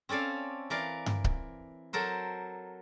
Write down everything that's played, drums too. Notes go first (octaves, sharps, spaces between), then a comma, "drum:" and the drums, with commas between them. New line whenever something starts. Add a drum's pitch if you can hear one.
C4 C#4 A4 D5 F5
E3 A#4 D5 F5
drum: tom G2
drum: kick C#1
F#3 A4 A#4 C5